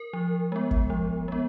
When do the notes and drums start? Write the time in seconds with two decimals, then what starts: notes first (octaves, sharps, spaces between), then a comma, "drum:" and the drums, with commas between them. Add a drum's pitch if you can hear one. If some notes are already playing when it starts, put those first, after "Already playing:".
Already playing: A#4
0.13 F3
0.52 G#3 B3
0.71 drum: kick G1
0.90 F3
1.28 G#3 B3